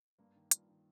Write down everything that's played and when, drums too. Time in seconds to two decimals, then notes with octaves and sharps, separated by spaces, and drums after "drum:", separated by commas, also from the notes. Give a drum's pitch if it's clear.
0.18 G2 A#3
0.36 D#3
0.51 G2 F4, drum: hi-hat
0.69 D#3